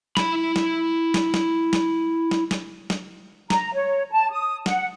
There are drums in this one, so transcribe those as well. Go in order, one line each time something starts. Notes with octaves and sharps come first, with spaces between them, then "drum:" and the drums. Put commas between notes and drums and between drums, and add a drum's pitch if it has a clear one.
E4 B5, drum: snare
drum: snare
drum: snare
drum: snare
drum: snare
drum: snare
drum: snare
drum: snare
A#5, drum: snare
C#5
A5
D#6
F#5, drum: snare